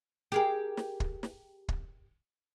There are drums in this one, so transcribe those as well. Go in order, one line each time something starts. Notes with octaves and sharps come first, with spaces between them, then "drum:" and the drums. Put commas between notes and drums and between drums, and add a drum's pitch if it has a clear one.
G4 G#4 A#4
drum: snare
drum: kick
drum: snare
drum: kick